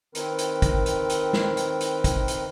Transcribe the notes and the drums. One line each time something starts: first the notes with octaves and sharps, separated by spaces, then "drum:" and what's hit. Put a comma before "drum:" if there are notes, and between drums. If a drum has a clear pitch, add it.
D#3 C4 A#4 B4, drum: hi-hat
drum: hi-hat
drum: kick, hi-hat
drum: hi-hat
drum: hi-hat
drum: snare
drum: hi-hat
drum: hi-hat
drum: kick, hi-hat
drum: hi-hat